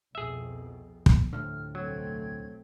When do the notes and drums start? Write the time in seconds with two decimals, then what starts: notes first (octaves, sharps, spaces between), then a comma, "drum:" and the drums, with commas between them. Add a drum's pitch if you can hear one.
0.15 C2 F2 B2 G#4 E5
1.06 drum: kick
1.33 D2 A2 D3 F3 G3 F6
1.75 B1 F#3 A3 C4 G#6